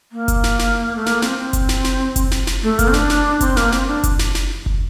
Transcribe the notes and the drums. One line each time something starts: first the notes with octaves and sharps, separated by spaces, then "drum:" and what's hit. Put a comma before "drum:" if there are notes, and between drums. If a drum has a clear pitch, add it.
A#3
drum: kick F#1, hi-hat
drum: snare
drum: snare
A3
A#3, drum: snare
C4, drum: snare
C4
drum: kick F#1, hi-hat
drum: snare
drum: snare
drum: kick F#1, hi-hat
drum: snare
drum: snare
A3
A#3, drum: kick F#1, hi-hat
C4
D4, drum: snare
drum: snare
C4, drum: kick F#1, hi-hat
A#3, drum: snare
C4, drum: snare
D4
drum: kick F#1, hi-hat
drum: snare
drum: snare
drum: kick F#1